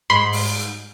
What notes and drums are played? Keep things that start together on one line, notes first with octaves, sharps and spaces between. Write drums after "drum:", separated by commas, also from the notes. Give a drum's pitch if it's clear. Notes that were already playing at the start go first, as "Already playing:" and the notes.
G#2 B5 C6
drum: open hi-hat